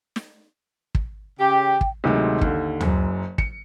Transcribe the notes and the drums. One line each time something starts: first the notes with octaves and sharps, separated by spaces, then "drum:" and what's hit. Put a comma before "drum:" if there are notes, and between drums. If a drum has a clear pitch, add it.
drum: snare
drum: kick
C#3 G4 G5
drum: kick
D2 C3 D#3 F#3 G#3
D#2 D3, drum: kick
F#1 F#2, drum: tom D2
C#7, drum: kick